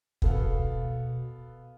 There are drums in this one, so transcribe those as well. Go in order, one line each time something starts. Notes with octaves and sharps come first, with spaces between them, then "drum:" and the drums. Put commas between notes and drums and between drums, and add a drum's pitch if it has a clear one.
B2 B3 A4 F5, drum: kick